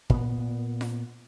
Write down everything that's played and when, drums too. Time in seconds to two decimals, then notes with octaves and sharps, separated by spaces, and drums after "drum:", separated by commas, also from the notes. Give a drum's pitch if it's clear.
0.10 A#2 B3, drum: kick
0.81 drum: snare F4